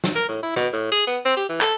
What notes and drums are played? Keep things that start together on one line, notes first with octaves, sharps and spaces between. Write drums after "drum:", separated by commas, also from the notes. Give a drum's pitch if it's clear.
drum: snare
A#4
A2
E4
B2, drum: rim click
A2
G#4
B3
C4
G4
E3
A4, drum: clap